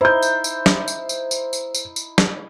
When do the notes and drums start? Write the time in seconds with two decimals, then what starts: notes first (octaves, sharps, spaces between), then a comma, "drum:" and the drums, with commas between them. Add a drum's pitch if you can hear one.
0.01 D#4 E4 C5 G6
0.22 drum: tambourine
0.44 drum: tambourine
0.66 drum: snare
0.88 drum: tambourine
1.09 drum: tambourine
1.31 drum: tambourine
1.53 drum: tambourine
1.74 drum: tambourine
1.96 drum: tambourine
2.18 drum: snare